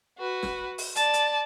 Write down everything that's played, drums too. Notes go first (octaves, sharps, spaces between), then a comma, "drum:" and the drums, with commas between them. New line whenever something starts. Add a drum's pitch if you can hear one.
F#4 B4
drum: snare
drum: open hi-hat
D5 A5, drum: hi-hat
drum: hi-hat